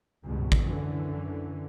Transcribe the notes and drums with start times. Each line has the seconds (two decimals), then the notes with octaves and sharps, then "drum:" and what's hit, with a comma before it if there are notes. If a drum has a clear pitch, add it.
0.25 G#1 C#2 G2 B2
0.52 drum: kick
0.65 F#2 D3 E3